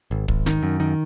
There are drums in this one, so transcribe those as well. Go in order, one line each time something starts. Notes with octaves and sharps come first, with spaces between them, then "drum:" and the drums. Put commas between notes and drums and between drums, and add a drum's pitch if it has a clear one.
G#1
G#1, drum: kick
D#3, drum: snare
F#2
D#3